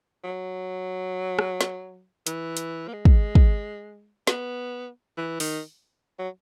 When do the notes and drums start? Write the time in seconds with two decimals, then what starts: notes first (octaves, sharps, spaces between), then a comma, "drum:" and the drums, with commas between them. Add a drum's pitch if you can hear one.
0.24 F#3
1.39 drum: rim click
1.61 drum: snare
2.27 E3, drum: hi-hat
2.57 drum: hi-hat
2.88 A#3
2.93 G#3
3.05 drum: kick
3.35 drum: kick
4.27 B3, drum: snare
5.17 E3
5.40 D#3, drum: open hi-hat
6.19 F#3